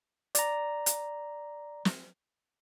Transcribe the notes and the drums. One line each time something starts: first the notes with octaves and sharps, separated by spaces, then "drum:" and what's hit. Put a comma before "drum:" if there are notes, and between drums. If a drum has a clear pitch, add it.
D5 A#5, drum: hi-hat
drum: hi-hat
drum: snare